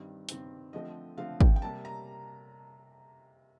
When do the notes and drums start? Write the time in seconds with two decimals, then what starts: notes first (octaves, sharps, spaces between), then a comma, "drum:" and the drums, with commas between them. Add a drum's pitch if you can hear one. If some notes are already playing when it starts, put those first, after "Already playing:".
Already playing: G2 D#3 G3 C4
0.29 G2 D#3 G3 C4, drum: hi-hat
0.73 D3 F3 A3 C4 D#5
1.17 D3 F3 A3 C4 F5
1.41 G5, drum: kick
1.56 G5
1.62 C3 G3 A#3 A5
1.85 A#5